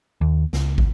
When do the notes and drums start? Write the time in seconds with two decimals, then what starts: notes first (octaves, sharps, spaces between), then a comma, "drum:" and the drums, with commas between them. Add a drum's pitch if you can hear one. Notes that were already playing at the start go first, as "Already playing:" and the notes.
0.21 D#2
0.53 C#2, drum: snare
0.78 drum: kick